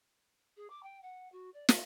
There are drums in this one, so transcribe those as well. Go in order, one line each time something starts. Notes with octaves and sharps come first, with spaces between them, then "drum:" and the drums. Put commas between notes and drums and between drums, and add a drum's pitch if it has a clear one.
G#4
D6
G5
F#5
F#4
D5
E5, drum: snare